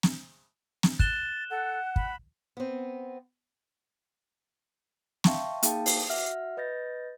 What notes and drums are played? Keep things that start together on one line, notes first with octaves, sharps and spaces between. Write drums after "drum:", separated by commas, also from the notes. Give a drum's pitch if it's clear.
drum: snare
drum: snare
F#6 A6 E7 G7, drum: kick
A4 F#5
B5, drum: kick
B3 C4
E5 F5 G5 A5 C6 C#6, drum: snare
A#3 D#4 G#4 F5 G5 A5, drum: hi-hat
drum: open hi-hat
F#4 E5 F#5 F6
B4 D#5 G6 A6 A#6